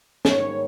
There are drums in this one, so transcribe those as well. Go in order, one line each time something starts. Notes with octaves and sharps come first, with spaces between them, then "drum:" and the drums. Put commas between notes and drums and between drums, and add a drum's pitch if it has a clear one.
G#2 D#3 G3 A#3 C#5, drum: snare